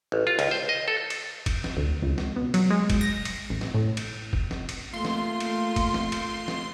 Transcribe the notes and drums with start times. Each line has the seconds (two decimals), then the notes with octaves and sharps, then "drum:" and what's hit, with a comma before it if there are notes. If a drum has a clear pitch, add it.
0.12 A1
0.27 F4
0.39 C#2, drum: cymbal
0.51 C5
0.69 D#5
0.88 A4
1.10 drum: cymbal
1.46 drum: kick, cymbal
1.64 drum: snare
1.77 D2
2.03 C#2
2.18 drum: snare
2.36 B2
2.54 F#3, drum: cymbal
2.71 G#3
2.90 drum: kick, cymbal
3.01 A#6
3.25 drum: cymbal
3.50 A1
3.61 drum: snare
3.74 A2
3.97 drum: cymbal
4.33 drum: kick
4.51 drum: snare
4.69 drum: cymbal
4.93 A3 A#3 F4 C6
5.05 drum: snare
5.40 drum: cymbal
5.76 drum: kick, cymbal
5.94 drum: snare
6.12 drum: cymbal
6.48 drum: snare